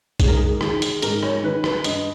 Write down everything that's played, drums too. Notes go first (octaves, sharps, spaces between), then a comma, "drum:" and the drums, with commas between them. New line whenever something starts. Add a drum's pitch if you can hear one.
G#2 G#4, drum: kick, hi-hat
A#4
G#4
D#3 G#4, drum: rim click
drum: hi-hat
G#2 A#4, drum: hi-hat
C#5, drum: rim click
D#3 B4
B4, drum: rim click
G2 D#5, drum: hi-hat